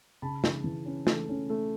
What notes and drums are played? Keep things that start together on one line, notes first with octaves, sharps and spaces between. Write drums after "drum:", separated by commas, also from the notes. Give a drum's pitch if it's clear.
C#3 A5 B5
C#3, drum: snare
E3
C#4
A3, drum: snare
C#4
A3